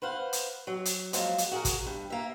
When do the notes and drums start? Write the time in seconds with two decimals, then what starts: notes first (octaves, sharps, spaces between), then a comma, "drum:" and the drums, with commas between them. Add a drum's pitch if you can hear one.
0.02 B4 C5 F5 F#5
0.33 drum: hi-hat
0.67 F#3
0.85 drum: hi-hat
1.13 F3 F#3 G#3 A#3, drum: hi-hat
1.38 drum: hi-hat
1.52 F#4 G#4 A#4
1.65 drum: kick, hi-hat
1.86 G2
2.10 A#3 E5